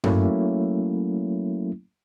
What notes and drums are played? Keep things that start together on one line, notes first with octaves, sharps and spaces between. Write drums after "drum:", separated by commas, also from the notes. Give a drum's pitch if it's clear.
F#3 A3 A#3 C#4 E4, drum: tom G2